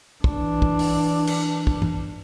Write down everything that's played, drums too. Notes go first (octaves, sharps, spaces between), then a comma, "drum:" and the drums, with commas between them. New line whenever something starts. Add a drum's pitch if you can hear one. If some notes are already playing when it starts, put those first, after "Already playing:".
E3 D4, drum: kick
drum: kick
drum: open hi-hat
drum: cymbal
drum: kick
drum: tom